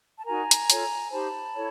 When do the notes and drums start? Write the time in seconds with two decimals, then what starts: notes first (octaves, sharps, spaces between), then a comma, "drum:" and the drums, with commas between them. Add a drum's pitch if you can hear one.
0.18 A5
0.25 D#4 F#4 A#4 G#5 A#5
0.51 drum: hi-hat
0.70 F4 A4 C#5, drum: hi-hat
1.11 D#4 G4 C5 A5 B5
1.55 E4 A4 C#5